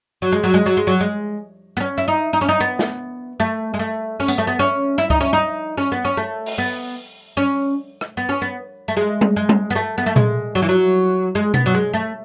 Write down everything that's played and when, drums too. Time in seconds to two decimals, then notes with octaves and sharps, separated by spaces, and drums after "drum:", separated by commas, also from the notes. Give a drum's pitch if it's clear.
0.22 F#3
0.32 G#3
0.43 F#3
0.54 G#3
0.66 F#3
0.77 G#3
0.87 F#3
1.01 G#3
1.77 B3
1.80 C#4
1.98 E4
2.08 D#4
2.33 D#4
2.41 C#4
2.49 D#4
2.60 B3
2.79 drum: snare
3.40 A3
3.74 G#3
3.79 A3
4.20 C#4
4.28 B3, drum: tambourine
4.38 A3
4.47 B3
4.59 C#4
4.98 E4
5.10 D#4, drum: kick C#2
5.20 C#4
5.33 D#4
5.77 C#4
5.92 B3
6.05 C#4
6.17 A3
6.46 drum: open hi-hat
6.58 B3
7.37 C#4
8.01 drum: rim click
8.17 B3
8.29 C#4
8.42 B3
8.88 A3
8.97 G#3
9.21 drum: tom G3
9.36 G#3
9.49 drum: tom G3
9.70 B3
9.76 A3
9.98 B3
10.06 A3
10.16 G#3, drum: tom A#2
10.55 F#3
10.62 E3
10.69 F#3
11.35 G#3
11.54 B3, drum: tom B2
11.66 F#3
11.74 G#3
11.94 A3